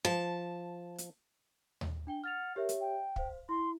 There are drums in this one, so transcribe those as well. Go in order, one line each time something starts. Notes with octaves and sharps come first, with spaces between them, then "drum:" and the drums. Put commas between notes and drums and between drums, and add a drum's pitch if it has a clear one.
F3 A5
drum: hi-hat
drum: tom D#2
D4 G5 G7
F#5 F6 A6 F7
G4 A#4 C#5 E5
drum: hi-hat
G5
C5 F5, drum: kick
E4 C6